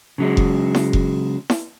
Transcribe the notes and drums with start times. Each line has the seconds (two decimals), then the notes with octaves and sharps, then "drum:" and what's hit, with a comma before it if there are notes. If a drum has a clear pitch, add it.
0.18 C#3 F#3 G#3
0.37 drum: kick F1
0.75 drum: snare E4
0.93 drum: kick F1
1.50 drum: snare E4